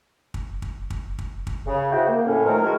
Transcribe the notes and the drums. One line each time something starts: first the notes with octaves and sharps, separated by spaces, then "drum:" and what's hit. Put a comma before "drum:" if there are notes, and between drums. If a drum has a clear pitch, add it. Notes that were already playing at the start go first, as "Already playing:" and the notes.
drum: kick
drum: kick
drum: kick
drum: kick
drum: kick
C#3
E4 F#4 G#4 C5 G5
A#3
A2 C#4
D#3 F3 F#3 A3 A#4
D#3 G#3 E4 F#4 G#4 A#4